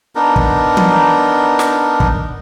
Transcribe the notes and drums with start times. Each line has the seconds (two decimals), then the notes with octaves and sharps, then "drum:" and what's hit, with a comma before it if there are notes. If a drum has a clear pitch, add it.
0.15 B3 D4 D#4 A#4
0.36 drum: kick
0.77 drum: tom
1.59 drum: snare
2.00 drum: kick